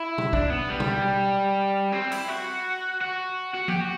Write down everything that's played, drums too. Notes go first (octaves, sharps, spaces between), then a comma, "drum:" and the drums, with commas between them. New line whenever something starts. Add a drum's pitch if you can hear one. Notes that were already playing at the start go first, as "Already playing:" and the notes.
Already playing: E4
drum: tom
D4, drum: kick
B3
G3
drum: tom
C4
E4, drum: open hi-hat
F#4
F#4
F#4
G4, drum: tom F3
F#4